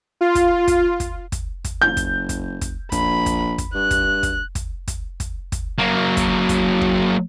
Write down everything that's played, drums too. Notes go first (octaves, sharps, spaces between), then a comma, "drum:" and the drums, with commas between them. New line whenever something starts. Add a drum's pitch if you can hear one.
F4
drum: kick, hi-hat
drum: kick, hi-hat
drum: kick, hi-hat
drum: kick, hi-hat
drum: kick, hi-hat
F#1 G6
drum: kick, hi-hat
drum: kick, hi-hat
drum: kick, hi-hat
A#1 B5, drum: kick, hi-hat
drum: kick, hi-hat
drum: kick, hi-hat
G2 F#6
drum: kick, hi-hat
drum: kick, hi-hat
drum: kick, hi-hat
drum: kick, hi-hat
drum: kick, hi-hat
drum: kick, hi-hat
F#3 A#3
drum: kick, hi-hat
drum: kick, hi-hat
drum: kick